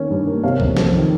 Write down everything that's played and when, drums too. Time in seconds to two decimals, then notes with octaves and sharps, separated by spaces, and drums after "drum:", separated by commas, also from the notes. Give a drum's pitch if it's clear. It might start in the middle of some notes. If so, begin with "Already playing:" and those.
Already playing: D#3 A#3 C#4
0.11 G2
0.27 A#3
0.43 C3 C#5 F5
0.60 F2, drum: kick B1
0.77 F2, drum: snare
0.93 D#3